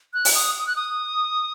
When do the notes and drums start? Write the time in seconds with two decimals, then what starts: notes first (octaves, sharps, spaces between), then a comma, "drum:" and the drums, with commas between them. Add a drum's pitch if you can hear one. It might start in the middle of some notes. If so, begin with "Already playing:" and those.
0.14 F#6
0.25 drum: open hi-hat
0.35 D#6
0.59 D#6
0.67 F#6
0.76 D#6